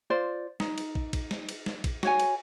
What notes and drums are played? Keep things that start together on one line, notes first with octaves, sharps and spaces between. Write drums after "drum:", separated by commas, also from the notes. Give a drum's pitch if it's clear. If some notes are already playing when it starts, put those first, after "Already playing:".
F4 C5 D5
D#4, drum: snare
drum: cymbal
drum: kick
drum: kick, cymbal
drum: snare
drum: cymbal
drum: snare
drum: kick, cymbal
F#4 C#5 G#5, drum: snare
drum: cymbal